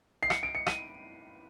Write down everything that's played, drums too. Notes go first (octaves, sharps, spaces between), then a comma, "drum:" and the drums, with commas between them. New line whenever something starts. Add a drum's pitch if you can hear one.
C7
C#7, drum: rim click
D7
C#7
D#7, drum: rim click